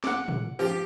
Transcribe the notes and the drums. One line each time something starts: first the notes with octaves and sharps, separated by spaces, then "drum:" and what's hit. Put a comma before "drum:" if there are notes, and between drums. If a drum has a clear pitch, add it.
F#5 D6, drum: snare
drum: tom
F3 G4